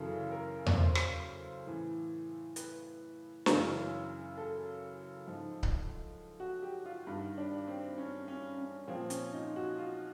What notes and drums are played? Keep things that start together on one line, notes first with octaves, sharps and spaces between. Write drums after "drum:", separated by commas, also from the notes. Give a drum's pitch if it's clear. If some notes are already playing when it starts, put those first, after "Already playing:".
Already playing: F#2 C#3 E3 A4
A#4
drum: tom E2
C5
drum: rim click
A2 E3
B4, drum: hi-hat
F#2 C#3 E3, drum: snare
A4
G#2 F3
drum: kick C#1
F#4
G4
F4
G2 D#3
D4
C4
C#4
C#4
C#4
A#2 F3 C4
C#4, drum: hi-hat
D#4
F#4
F4